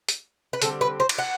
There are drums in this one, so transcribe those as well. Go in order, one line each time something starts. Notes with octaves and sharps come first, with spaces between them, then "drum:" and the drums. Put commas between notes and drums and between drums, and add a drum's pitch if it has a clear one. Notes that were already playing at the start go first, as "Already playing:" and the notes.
drum: hi-hat
B4
D3 G3 C4 A4, drum: hi-hat
B4
C5
drum: cymbal
F#5